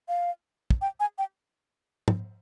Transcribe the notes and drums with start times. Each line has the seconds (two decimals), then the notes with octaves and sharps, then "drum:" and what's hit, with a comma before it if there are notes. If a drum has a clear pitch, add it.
0.08 F5
0.70 drum: kick
0.81 G5
1.00 G#5
1.18 G5
2.08 drum: tom